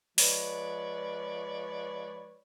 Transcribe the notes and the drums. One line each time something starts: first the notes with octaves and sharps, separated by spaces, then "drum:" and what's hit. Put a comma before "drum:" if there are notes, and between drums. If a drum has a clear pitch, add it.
F3 G#3 B4 C#5 D5, drum: open hi-hat